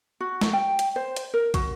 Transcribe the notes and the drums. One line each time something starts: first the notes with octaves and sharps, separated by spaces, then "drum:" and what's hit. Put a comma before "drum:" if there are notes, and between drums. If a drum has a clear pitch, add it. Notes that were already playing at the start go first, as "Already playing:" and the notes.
F#4
drum: snare
G5
drum: hi-hat
C5
drum: hi-hat
A#4
F#4, drum: kick, hi-hat